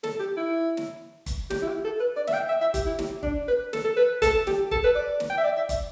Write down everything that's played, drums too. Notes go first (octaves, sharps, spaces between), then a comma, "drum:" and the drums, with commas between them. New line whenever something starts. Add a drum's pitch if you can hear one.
A4, drum: snare
G4
E4
drum: snare
drum: kick, hi-hat
G4, drum: snare
E4
G4
A4
B4
D5
E5, drum: snare
G5
E5
E5
G4, drum: kick, hi-hat
E4
G4, drum: snare
D4, drum: kick
B4
A4, drum: snare
A4
B4
A4, drum: kick, hi-hat
G4, drum: snare
A4, drum: kick
B4
D5
drum: snare
G5
E5
D5
E5
D5, drum: kick, hi-hat